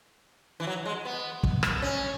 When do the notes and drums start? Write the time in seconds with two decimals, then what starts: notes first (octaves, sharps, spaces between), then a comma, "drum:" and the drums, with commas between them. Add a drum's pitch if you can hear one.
0.60 E3
0.67 F#3
0.85 G#3
1.05 B3
1.43 drum: kick
1.63 drum: rim click
1.82 C#4